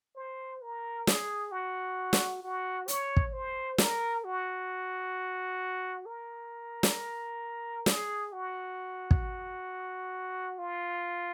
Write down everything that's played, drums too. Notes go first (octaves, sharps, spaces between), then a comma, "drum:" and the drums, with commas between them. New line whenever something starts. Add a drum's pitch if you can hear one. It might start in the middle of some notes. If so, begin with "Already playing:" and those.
C5
A#4
G#4, drum: snare
F#4
drum: snare
F#4
C#5, drum: hi-hat
drum: kick
C5
A#4, drum: snare
F#4
A#4
drum: snare
G#4, drum: snare
F#4
drum: kick
F4